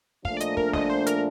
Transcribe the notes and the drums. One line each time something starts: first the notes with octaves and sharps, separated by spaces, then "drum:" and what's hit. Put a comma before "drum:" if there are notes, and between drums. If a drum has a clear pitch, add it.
A#2 F3 A3 D4 F5, drum: kick
D5
D#5, drum: hi-hat
A#4, drum: kick
D#5, drum: snare
C5
A#4, drum: hi-hat